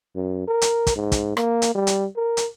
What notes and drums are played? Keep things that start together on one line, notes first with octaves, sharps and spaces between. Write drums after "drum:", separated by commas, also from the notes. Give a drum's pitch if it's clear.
F#2
A#4
drum: hi-hat
drum: kick, hi-hat
G#2
drum: kick, hi-hat
A#3, drum: rim click
drum: hi-hat
G3
drum: hi-hat
A#4
drum: hi-hat